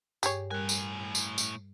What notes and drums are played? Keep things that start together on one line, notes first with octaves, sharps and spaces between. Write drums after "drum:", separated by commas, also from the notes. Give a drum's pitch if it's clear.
G2 G4 G#4 C#5, drum: tambourine
A2 G3 A#4 G#5 F#6
drum: tambourine
drum: tambourine
drum: tambourine